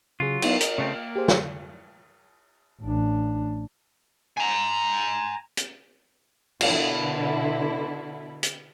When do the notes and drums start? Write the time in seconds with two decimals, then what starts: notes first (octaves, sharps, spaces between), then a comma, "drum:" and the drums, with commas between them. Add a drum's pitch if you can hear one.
0.20 C#3 F#3 F4 G#4
0.42 B3 D#4 E4, drum: cymbal
0.61 A#4 D#5, drum: hi-hat
0.78 C#3 A3 C4
0.95 A#3
1.16 G4 G#4 C5
1.28 drum: snare
2.82 A1 D4
4.37 G#5 A#5
5.57 drum: hi-hat
6.61 B2 D3 E4, drum: cymbal
8.43 drum: hi-hat